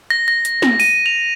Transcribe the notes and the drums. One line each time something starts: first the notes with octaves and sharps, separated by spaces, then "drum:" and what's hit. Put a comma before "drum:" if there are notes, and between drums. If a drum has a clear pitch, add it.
A#6
A#6
drum: hi-hat
drum: snare
D#7, drum: open hi-hat
F7